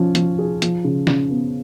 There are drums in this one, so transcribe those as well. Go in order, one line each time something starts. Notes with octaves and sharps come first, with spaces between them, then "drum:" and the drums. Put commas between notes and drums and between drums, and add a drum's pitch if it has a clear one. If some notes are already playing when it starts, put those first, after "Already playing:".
Already playing: F3 C#4
F3, drum: hi-hat
G#4
F3, drum: hi-hat
C#3
C#3, drum: snare
B3